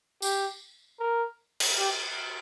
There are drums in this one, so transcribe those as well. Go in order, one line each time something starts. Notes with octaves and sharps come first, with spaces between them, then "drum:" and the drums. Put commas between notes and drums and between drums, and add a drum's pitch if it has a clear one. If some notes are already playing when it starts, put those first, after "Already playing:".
G4, drum: tambourine
A#4
drum: cymbal
G4